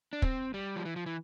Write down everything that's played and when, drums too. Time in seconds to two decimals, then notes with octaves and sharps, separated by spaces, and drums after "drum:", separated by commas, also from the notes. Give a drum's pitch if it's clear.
0.13 D4
0.22 C4, drum: kick
0.54 G3
0.76 F3
0.85 E3
0.96 F3
1.06 E3